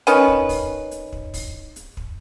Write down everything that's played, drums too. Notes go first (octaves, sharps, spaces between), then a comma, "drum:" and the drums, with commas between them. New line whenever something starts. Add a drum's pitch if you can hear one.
D#3 C#4 B4, drum: hi-hat
drum: kick
drum: kick, open hi-hat
drum: hi-hat
drum: kick
drum: kick, open hi-hat
drum: hi-hat
drum: kick